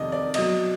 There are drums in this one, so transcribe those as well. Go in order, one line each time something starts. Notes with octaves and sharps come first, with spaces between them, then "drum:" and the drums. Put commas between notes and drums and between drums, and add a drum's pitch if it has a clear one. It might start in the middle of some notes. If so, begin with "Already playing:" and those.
Already playing: F2 C3 D#3 D5 D#5
D5
B2 F#3 D#5, drum: cymbal